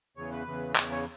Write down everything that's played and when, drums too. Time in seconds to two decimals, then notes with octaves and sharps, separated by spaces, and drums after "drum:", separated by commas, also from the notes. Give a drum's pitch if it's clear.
0.16 E2 C#3 E3 C#5
0.31 B4
0.46 E2 C#3 E3
0.76 E2 C#3 E3 C#5, drum: clap
0.91 C#5